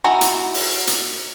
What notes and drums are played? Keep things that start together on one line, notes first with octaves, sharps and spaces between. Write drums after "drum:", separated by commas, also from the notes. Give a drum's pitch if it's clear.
D#4 E4 F#4 G#5 A#5
drum: hi-hat
drum: open hi-hat
drum: hi-hat